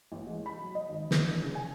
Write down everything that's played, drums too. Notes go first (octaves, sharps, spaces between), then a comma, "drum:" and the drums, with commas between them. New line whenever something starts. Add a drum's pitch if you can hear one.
A1
G#3
B5
F#3
D#5
G#1
E3, drum: snare
D3
C#3
G#5